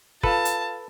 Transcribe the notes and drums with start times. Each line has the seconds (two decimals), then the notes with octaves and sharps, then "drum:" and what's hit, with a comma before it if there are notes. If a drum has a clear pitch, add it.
0.23 F4 A4 B4 F5 A5, drum: kick
0.45 drum: hi-hat